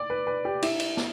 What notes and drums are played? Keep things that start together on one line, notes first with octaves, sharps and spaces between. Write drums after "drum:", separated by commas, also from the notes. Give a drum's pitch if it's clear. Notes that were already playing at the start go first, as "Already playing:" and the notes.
Already playing: D5
B4
B4
G4
E4, drum: cymbal
drum: cymbal
drum: snare